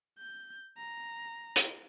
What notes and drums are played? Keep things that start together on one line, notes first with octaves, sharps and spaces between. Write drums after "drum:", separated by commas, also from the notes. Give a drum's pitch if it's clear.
G6
A#5
drum: hi-hat